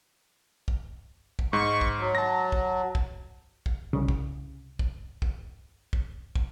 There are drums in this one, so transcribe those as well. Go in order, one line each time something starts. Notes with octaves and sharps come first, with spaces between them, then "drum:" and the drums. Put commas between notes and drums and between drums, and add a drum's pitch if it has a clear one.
drum: kick
drum: kick
G#2 C#6
drum: kick
F#3
A5 A#6
drum: kick
drum: kick
drum: kick
C2 C#3
drum: kick
drum: kick
drum: kick
drum: kick
drum: kick